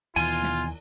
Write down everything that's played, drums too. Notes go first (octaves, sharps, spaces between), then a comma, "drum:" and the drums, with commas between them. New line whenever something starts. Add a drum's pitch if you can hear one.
D#2 B2 E3 F4 G#5, drum: cymbal
drum: snare